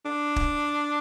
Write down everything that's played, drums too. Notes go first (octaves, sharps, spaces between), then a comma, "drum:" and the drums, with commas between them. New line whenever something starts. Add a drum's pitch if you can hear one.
D4
drum: kick